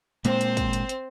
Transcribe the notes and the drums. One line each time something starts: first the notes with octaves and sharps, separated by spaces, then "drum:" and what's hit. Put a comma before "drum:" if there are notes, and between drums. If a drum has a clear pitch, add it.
A#2 G#3 A#3 C4 C5, drum: hi-hat
drum: hi-hat
drum: kick, hi-hat
drum: hi-hat
drum: hi-hat